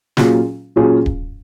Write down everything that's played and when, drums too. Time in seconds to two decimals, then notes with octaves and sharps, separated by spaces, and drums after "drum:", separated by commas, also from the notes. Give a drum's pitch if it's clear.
0.17 A#2 F#3 C#4 F4 G#4, drum: snare
0.76 A#2 F#3 C#4 F4 G#4
1.06 drum: kick D1